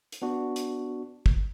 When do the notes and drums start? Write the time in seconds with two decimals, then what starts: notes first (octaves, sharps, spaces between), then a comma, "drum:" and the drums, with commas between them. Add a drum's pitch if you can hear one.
0.12 drum: hi-hat
0.22 B3 D4 F#4
0.56 drum: hi-hat
1.26 drum: kick